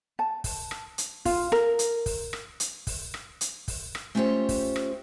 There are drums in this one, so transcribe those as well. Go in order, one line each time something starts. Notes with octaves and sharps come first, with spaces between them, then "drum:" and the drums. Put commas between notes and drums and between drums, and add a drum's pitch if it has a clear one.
A5
drum: kick, open hi-hat
drum: rim click
drum: hi-hat
F4, drum: kick, open hi-hat
A#4, drum: rim click
drum: hi-hat
drum: kick, open hi-hat
drum: rim click
drum: hi-hat
drum: kick, open hi-hat
drum: rim click
drum: hi-hat
drum: kick, open hi-hat
drum: rim click
A3 C#4 F4 G4 C5 C#5
drum: kick, open hi-hat
drum: rim click